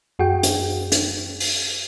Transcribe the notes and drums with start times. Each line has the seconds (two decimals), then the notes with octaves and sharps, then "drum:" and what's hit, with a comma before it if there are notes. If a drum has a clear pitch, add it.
0.19 F#2 F#4 G#4 G5
0.43 drum: hi-hat
0.92 drum: hi-hat
1.40 drum: open hi-hat